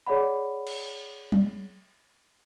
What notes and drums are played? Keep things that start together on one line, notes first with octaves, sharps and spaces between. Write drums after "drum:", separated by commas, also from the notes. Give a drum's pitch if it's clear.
G#4 C#5 D5 F#5 B5
drum: cymbal
drum: tom F#3